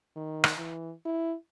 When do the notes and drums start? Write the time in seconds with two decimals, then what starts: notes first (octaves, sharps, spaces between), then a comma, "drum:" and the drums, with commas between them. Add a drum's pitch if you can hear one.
0.16 D#3
0.44 drum: rim click
0.58 E3
1.05 E4